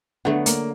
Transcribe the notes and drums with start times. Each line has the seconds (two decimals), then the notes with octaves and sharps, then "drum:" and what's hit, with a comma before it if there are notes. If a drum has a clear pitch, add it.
0.25 D3 F#3 A3 B3
0.46 A#3, drum: hi-hat